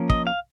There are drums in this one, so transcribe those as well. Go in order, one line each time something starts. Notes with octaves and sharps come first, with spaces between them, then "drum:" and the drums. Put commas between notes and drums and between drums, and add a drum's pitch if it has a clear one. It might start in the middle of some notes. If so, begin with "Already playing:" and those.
Already playing: F3 A#3 C#4
D#5, drum: kick
F5